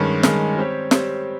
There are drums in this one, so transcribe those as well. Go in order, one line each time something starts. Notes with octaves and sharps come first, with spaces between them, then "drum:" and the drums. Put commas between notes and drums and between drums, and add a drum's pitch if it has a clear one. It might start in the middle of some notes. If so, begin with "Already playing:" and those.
Already playing: G2 D#3 G#3 C#4
G2 D#3 G#3 C#4, drum: snare
G3 C4 G4 C#5
G3 C4 G4 C#5, drum: snare